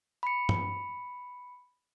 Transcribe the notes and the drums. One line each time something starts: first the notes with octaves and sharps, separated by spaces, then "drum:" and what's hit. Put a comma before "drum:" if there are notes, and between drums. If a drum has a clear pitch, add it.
B5 C#7
drum: tom G2